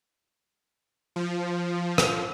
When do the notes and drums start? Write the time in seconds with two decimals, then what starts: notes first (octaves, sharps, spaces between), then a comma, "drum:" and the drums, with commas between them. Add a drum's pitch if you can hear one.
1.16 F3
1.98 drum: rim click